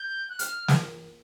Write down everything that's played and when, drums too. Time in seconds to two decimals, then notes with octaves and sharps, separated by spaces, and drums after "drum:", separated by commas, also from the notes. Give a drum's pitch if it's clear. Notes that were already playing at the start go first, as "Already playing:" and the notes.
Already playing: G6
0.29 F#6
0.39 F6, drum: hi-hat
0.68 drum: snare